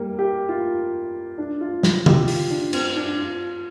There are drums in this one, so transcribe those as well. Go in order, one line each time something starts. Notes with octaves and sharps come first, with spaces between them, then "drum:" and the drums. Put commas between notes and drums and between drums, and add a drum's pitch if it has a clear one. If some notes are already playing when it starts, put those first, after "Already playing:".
Already playing: G3 A#3
G4
F4
D4
F4
F4, drum: snare
G4, drum: tom
F4, drum: open hi-hat
D4
C4, drum: cymbal
D4
F4